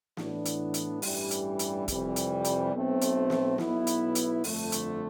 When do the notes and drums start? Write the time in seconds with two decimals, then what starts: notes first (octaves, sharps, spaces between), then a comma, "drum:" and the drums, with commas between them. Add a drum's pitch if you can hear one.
0.17 A2 E3 B3 D4, drum: snare
0.45 drum: hi-hat
0.74 drum: hi-hat
1.02 A1 G2 E3 G3, drum: open hi-hat
1.31 drum: hi-hat
1.59 drum: hi-hat
1.88 F2 C3 E3 G3, drum: kick, hi-hat
2.16 drum: hi-hat
2.44 drum: hi-hat
2.73 B1 B2 A3 C4
3.01 drum: hi-hat
3.30 drum: snare
3.58 B1 B2 B3 E4, drum: snare
3.87 drum: hi-hat
4.15 drum: hi-hat
4.44 G1 F2 D3 A3, drum: open hi-hat
4.72 drum: hi-hat